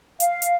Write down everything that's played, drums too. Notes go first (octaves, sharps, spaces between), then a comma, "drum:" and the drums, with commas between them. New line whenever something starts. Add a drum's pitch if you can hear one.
F5, drum: hi-hat
drum: hi-hat